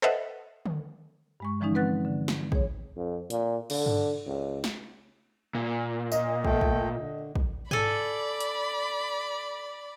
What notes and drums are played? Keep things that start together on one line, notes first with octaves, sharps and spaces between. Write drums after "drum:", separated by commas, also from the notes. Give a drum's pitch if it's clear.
A4 B4 C5 D#5 E5 F#5
drum: tom D3
G2 G#3 C#6
D3 E3 F3 G#3 C#4 D#4
C4 B4 F#5 F#6 A6
D3
drum: snare
G#4 C#5, drum: kick
F2
A#2, drum: hi-hat
D3, drum: cymbal
drum: tom G2
C#2
drum: snare
A#2
D#5, drum: tambourine
A3 A4 G5, drum: kick
drum: kick
D3
drum: kick
A4 D5 G#5 B5, drum: tom G#2
drum: hi-hat